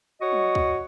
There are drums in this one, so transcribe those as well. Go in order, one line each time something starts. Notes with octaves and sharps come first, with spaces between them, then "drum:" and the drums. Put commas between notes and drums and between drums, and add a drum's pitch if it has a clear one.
F#4 C#5 D#5 C#6
drum: tom
drum: kick